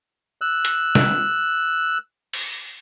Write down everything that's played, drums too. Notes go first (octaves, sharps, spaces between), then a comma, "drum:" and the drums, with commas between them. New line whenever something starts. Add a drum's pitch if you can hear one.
E6 F#6
drum: hi-hat
drum: snare
drum: open hi-hat